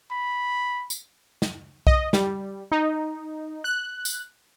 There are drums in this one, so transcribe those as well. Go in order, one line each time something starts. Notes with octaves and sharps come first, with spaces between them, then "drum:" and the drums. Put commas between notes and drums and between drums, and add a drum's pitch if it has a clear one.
B5
drum: tambourine
drum: snare
D#5, drum: kick B1
G3, drum: snare
D#4
F#6
drum: tambourine